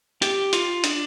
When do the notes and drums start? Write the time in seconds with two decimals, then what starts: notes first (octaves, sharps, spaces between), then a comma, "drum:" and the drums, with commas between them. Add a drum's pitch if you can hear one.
0.22 G4, drum: hi-hat
0.53 F4, drum: hi-hat
0.84 D4, drum: hi-hat